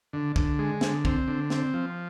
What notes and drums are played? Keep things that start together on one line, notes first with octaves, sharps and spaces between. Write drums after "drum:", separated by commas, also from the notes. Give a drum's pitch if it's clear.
D3
D3, drum: kick
G#3
D3, drum: snare
C4, drum: kick
D3
C4, drum: snare
F3